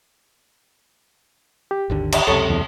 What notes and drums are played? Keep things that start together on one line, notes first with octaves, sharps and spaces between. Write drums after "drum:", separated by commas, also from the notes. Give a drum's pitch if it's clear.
G4
G#1 D#2 D3
drum: cymbal
C#2 F#2 C3 A4 C#5
E2